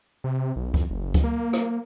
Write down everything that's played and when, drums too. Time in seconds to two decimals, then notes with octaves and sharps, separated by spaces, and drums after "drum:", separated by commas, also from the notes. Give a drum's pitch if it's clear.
0.24 C3
0.56 B1
0.74 F2, drum: kick C#2
0.90 F#1
1.14 drum: kick C#2, hi-hat
1.24 A#3
1.53 drum: rim click